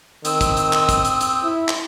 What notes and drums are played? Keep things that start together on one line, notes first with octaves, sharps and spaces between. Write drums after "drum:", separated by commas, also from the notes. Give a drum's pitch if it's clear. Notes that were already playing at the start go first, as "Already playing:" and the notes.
D#3 C4 D#6 E6, drum: hi-hat
drum: kick, hi-hat
drum: hi-hat
drum: clap
drum: kick, hi-hat
drum: hi-hat
drum: hi-hat
E4
drum: clap